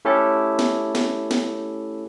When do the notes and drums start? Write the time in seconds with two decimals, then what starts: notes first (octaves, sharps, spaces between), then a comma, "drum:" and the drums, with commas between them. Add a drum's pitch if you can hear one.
0.05 A3 C#4 E4 G4 A4
0.59 drum: snare
0.95 drum: snare
1.31 drum: snare